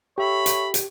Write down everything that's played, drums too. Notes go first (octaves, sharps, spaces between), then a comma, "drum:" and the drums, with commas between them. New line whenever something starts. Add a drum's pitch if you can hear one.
G4 A4 C#5 E5 B5
drum: hi-hat
drum: hi-hat